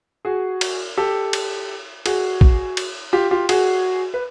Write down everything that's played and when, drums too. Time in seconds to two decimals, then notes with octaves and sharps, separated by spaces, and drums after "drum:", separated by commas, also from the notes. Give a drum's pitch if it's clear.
0.25 F#4 G#4
0.61 drum: cymbal
0.97 G4 A4
1.33 drum: cymbal
2.06 F#4 G#4, drum: cymbal
2.41 drum: kick
2.77 drum: cymbal
3.13 F4 G4
3.31 F4 G4
3.49 F#4 G#4, drum: cymbal
4.14 B4